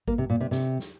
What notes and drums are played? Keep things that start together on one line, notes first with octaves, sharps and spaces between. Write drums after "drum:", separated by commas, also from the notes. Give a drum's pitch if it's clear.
A#3, drum: kick G#1
C3
A#2
C3
C3, drum: snare
drum: snare